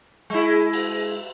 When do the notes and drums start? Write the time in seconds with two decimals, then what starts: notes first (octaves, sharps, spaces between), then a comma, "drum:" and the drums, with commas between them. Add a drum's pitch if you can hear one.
0.30 G#3 E4
0.73 drum: cymbal